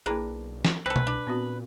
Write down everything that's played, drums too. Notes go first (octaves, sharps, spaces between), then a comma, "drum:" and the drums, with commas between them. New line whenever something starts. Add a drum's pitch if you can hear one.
A#1 A#3 D4 E4 G#4 A#4 B4
B1
drum: snare
C2 C4 A4 B4
drum: tom B2
D4
A#2 B3 C4 F#4